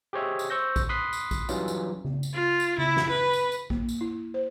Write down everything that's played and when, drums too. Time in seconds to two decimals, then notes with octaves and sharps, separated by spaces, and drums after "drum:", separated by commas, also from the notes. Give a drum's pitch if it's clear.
0.13 G4 G#4 C5 C#5 D#5 E5
0.39 drum: tambourine
0.50 C5 C#6 E6 G6 A#6
0.76 drum: kick, tambourine
0.89 B5 C6 D#6 F#6 B6 C7
1.13 drum: tambourine
1.31 drum: kick, tambourine
1.49 E3 F#3 G3 C#4 D#4 F4, drum: tambourine
1.68 drum: tambourine
2.05 drum: tom C#3
2.23 drum: tambourine
2.34 F4
2.60 drum: tambourine
2.78 E4, drum: tom C#3
2.97 drum: snare
3.10 B4
3.33 drum: tambourine
3.52 drum: tambourine
3.70 A#3, drum: kick
3.89 drum: tambourine
4.01 E4
4.34 C5